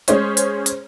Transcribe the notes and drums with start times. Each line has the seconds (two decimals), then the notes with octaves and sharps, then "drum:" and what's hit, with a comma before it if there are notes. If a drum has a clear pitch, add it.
0.08 G#3 C#4 G#4 C5 C#5, drum: hi-hat
0.37 drum: hi-hat
0.66 drum: hi-hat